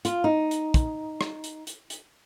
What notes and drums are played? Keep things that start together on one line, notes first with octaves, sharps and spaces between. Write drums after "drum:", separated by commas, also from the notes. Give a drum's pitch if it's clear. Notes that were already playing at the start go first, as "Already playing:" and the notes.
F4, drum: hi-hat
D#4
drum: hi-hat
drum: kick, hi-hat
drum: rim click
drum: hi-hat
drum: hi-hat
drum: hi-hat